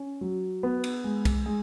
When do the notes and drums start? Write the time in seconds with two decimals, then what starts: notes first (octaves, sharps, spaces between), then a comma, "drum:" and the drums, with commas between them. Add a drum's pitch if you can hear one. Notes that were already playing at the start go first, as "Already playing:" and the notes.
Already playing: C#4
0.21 F#3
0.63 B3
0.84 drum: cymbal
1.04 G#3
1.25 drum: kick, cymbal
1.46 G#3